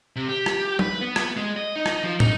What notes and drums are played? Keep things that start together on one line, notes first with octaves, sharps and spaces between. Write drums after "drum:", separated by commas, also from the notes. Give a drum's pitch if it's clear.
C3
G4
drum: rim click
B4, drum: tom F#3
B3
drum: rim click
G#3
D#5
D#4
drum: rim click
F3
D#4, drum: tom